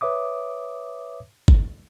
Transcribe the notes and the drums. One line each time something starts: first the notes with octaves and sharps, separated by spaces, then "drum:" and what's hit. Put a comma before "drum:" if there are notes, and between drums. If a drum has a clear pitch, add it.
B4 C#5 E5 D6 D#6
drum: kick